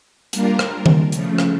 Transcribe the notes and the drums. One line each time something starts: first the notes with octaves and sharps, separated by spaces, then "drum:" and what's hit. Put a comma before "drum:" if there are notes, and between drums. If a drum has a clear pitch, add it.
G3 A#3 D4 F4 A#4, drum: hi-hat
drum: rim click
drum: tom D#3
C#3 F3 A3, drum: hi-hat
drum: rim click